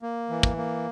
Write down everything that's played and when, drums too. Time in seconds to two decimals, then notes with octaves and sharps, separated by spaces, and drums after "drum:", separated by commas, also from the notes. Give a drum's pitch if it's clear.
0.02 A#3
0.30 E3
0.43 drum: kick
0.57 A#3